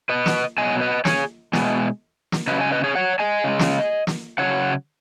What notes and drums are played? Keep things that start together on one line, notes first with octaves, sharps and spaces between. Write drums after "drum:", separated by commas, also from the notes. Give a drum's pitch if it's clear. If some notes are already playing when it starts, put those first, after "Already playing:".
B4 D#5
drum: snare
B2 F#3 D#5 G#5
B4 D#5
G#4 C#5, drum: snare
B2 G#3, drum: snare
drum: snare
C#3 F#3 B4 D#5
D#5 G#5
B4 D#5
G#4 C#5
C#5 F#5
D#5 G#5
C#3 G#3
drum: snare
drum: snare
C#3 F#3 C#5 F#5